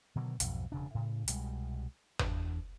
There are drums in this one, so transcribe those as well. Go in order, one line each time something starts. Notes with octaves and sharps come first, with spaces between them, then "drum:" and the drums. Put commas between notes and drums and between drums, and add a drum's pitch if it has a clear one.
B2 D3 D#3 F#3
B1 F2 G#2, drum: hi-hat
E1 C#3 D4
A2 C#3
C2 B2 G3 G#3, drum: hi-hat
E2 D4, drum: tom